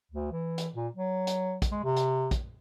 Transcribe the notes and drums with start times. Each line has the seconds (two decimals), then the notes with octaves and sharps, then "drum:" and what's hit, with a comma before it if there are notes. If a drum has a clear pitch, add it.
0.12 D2
0.32 E3
0.58 drum: hi-hat
0.75 A#2
0.96 F#3
1.27 drum: hi-hat
1.62 drum: kick, hi-hat
1.71 G#3
1.84 C3
1.97 drum: hi-hat
2.31 drum: kick, hi-hat